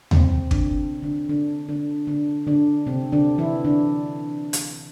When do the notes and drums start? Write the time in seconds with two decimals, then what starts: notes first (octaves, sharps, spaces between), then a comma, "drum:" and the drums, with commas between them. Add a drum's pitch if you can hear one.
0.11 C3 C4, drum: tom D#2
0.51 D3 D4, drum: kick
1.03 D3 D4
1.29 D3 D4
1.69 D3 D4
2.07 D3 D4
2.47 D3 D4
2.86 C3 C4
3.12 D3 D4
3.38 E3 E4
3.64 D3 D4
4.53 drum: hi-hat